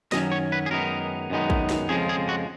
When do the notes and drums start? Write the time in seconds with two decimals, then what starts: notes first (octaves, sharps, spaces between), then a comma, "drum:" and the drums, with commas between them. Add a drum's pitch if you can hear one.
0.12 F#2 D#3 F#3 C#4 D#5, drum: snare
0.32 C#5
0.52 B4
0.66 G#4
0.71 F#2 D#3 G#3 B3 D#4 A#4
1.30 F#2 D#3 G#3 B3 D#4
1.50 drum: kick
1.69 drum: snare
1.89 F2 C#3 F3 G#3 G#4
2.09 G#4
2.29 F#4